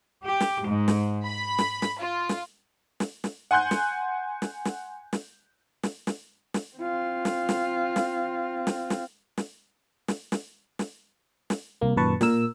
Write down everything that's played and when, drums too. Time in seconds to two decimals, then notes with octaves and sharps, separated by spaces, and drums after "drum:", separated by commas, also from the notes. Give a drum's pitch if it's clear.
0.23 G4
0.40 drum: snare
0.63 G#2
0.88 drum: snare
1.24 B5
1.59 drum: snare
1.82 drum: snare
2.00 F4
2.29 drum: snare
3.00 drum: snare
3.24 drum: snare
3.51 F#5 G#5 C6 F#6 G6
3.71 drum: snare
4.42 drum: snare
4.65 drum: snare
5.13 drum: snare
5.83 drum: snare
6.07 drum: snare
6.54 drum: snare
6.77 C4 F4
7.25 drum: snare
7.49 drum: snare
7.96 drum: snare
8.67 drum: snare
8.90 drum: snare
9.38 drum: snare
10.08 drum: snare
10.32 drum: snare
10.79 drum: snare
11.50 drum: snare
11.81 C2 A#3
11.97 F#2 A#2 D#3 B4 A5 C#6
12.21 A#2 A#4 E6, drum: snare